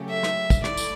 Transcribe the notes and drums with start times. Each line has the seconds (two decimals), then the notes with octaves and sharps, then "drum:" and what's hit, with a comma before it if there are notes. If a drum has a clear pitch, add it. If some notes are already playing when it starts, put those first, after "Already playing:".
Already playing: C#3 F#3 A3 C#4 G4
0.10 E5
0.23 drum: rim click
0.50 drum: kick, tambourine
0.64 A3 E4 D5, drum: rim click
0.77 drum: tambourine